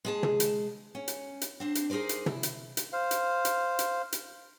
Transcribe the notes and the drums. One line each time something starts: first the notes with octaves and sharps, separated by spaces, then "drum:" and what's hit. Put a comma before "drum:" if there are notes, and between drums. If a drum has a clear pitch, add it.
G#3 G#4 A5
drum: tom
drum: hi-hat
C#4
drum: hi-hat
drum: hi-hat
C4 D4 C5
drum: hi-hat
D#4 G#4 A#4 C5 D5
drum: hi-hat
E4, drum: tom
drum: hi-hat
drum: hi-hat
C5 F5
drum: hi-hat
drum: hi-hat
drum: hi-hat
drum: hi-hat